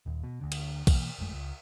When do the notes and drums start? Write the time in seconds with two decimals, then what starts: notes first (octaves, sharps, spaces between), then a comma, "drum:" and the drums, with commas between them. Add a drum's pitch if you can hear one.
0.06 D#1 D#2
0.23 B2
0.41 D2 D3
0.52 drum: cymbal
0.87 B2 E3 A#3, drum: kick, cymbal
1.18 G1 F2 G#3 A3
1.33 C#2